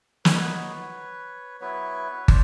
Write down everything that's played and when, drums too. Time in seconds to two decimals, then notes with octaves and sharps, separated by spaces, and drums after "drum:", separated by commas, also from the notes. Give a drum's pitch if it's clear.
0.25 B3 D#4 F#4 B4 C#5, drum: snare
1.60 F#3 B3 E4 B4 C#5
2.28 C5 D5, drum: kick